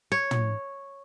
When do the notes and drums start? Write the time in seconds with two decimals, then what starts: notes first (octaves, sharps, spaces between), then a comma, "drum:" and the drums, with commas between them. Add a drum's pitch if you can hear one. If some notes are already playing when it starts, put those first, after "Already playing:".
0.12 C#5
0.31 drum: tom